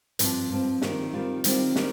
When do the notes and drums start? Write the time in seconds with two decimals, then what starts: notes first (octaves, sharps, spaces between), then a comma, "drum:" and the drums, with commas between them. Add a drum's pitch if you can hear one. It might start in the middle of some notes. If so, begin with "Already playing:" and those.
0.19 G2 F3 C4, drum: hi-hat
0.51 G2 F3 C4
0.82 D#3 G3 C4 F4, drum: snare
1.13 D#3 G3 C4 F4
1.44 D#3 G3 C4 F4, drum: hi-hat
1.76 D#3 G3, drum: snare